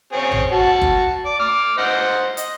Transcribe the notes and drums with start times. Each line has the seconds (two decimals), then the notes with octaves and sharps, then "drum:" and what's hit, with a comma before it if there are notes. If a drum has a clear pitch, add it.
0.13 C4 G#4 C#5
0.31 drum: tom A1
0.52 F#4 A5
0.82 drum: kick F#1
1.25 D5
1.39 D6 F6
1.78 C5 D#5 F#5
2.37 D#5, drum: hi-hat